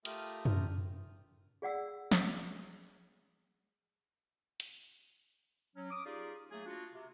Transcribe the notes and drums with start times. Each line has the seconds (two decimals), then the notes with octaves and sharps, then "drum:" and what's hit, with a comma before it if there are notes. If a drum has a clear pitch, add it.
0.05 A3 F4 G4 A#4 D#6 F6, drum: hi-hat
0.45 drum: tom F#2
1.62 G#4 D5 F#5 E6
2.11 drum: snare
4.60 drum: hi-hat
5.76 F#3 C#4
5.91 D6 D#6
6.05 D#4 F4 G4 G#4 D5 F5
6.51 F#3 A3 A#3 G#4 G#5
6.66 A#3 D4 F4 F#4
6.93 C3